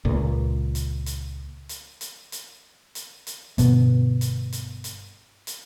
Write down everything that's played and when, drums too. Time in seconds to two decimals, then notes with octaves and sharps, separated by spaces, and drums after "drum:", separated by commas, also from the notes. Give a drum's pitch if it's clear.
0.05 C#2 A#2
0.75 drum: hi-hat
1.06 drum: hi-hat
1.69 drum: hi-hat
2.01 drum: hi-hat
2.32 drum: hi-hat
2.95 drum: hi-hat
3.27 drum: hi-hat
3.58 G1 B2 B3, drum: hi-hat
4.21 drum: hi-hat
4.52 drum: hi-hat
4.84 drum: hi-hat
5.47 drum: hi-hat